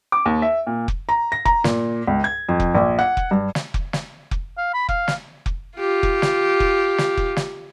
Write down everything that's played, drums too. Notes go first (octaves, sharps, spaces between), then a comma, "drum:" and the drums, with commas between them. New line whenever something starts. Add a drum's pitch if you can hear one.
D6
D#2
E5
A#2
drum: kick F1
A#5
A#6
A#5, drum: kick F1
A#2, drum: snare
C#2
G#6
F2
drum: kick F1
A#1
F#5
drum: kick F1
G2
drum: snare
drum: kick F1
drum: snare
drum: kick F1
F5
B5
F5, drum: kick F1
drum: snare
drum: kick F1
F4 G4
drum: kick F1
drum: snare
drum: kick F1
drum: snare
drum: kick F1
drum: snare